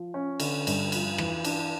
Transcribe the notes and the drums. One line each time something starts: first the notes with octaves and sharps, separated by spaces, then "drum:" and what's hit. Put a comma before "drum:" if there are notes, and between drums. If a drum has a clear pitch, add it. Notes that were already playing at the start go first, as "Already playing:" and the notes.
Already playing: F3
C#4
D3, drum: cymbal
G2, drum: cymbal
F3, drum: cymbal
E3, drum: rim click
D4, drum: cymbal